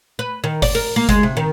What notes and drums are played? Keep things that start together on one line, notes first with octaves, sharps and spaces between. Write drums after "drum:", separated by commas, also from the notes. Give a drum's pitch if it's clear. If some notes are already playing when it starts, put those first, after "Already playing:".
B4
D#3
D5, drum: kick G1, open hi-hat
A#4
A#3
G#3, drum: kick G1, hi-hat
C3
D#3